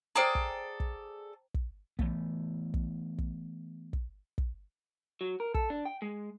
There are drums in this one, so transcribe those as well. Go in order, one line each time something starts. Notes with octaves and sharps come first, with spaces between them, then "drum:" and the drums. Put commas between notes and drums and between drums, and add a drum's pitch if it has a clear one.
G#4 A4 C5 D5 G5 A#5
drum: kick
drum: kick
drum: kick
E3 A3 B3, drum: kick
drum: kick
drum: kick
drum: kick
drum: kick
F#3
A#4
A4, drum: kick
D4
G5
G#3